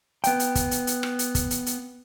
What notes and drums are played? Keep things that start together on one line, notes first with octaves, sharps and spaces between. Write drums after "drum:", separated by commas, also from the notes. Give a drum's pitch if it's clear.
B3 G5, drum: hi-hat
drum: hi-hat
drum: kick, hi-hat
drum: hi-hat
drum: hi-hat
drum: rim click
drum: hi-hat
drum: kick, hi-hat
drum: hi-hat
drum: hi-hat